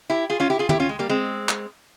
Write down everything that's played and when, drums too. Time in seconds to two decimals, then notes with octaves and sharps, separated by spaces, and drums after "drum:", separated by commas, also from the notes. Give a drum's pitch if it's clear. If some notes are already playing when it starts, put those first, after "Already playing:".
0.10 E4 G4
0.30 F4 G#4
0.40 C#4 F4
0.50 E4 G4
0.59 F4 G#4
0.69 E4 G4, drum: tom
0.80 C#4 F4
0.89 G#3
0.99 G3 A#3
1.09 G#3 C4
1.49 drum: clap